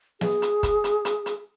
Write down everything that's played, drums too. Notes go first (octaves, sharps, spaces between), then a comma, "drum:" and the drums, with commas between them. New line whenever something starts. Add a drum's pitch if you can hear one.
G#4, drum: snare
drum: hi-hat
drum: kick, hi-hat
drum: hi-hat
drum: hi-hat
drum: hi-hat